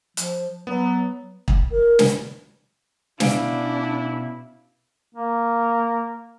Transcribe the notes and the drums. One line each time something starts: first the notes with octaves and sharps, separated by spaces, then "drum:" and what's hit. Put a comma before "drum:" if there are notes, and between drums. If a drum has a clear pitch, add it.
F3, drum: hi-hat
F#3 B3
drum: kick
A#4
drum: snare
B2 C#4 D4 E4 F5 D7, drum: snare
A#3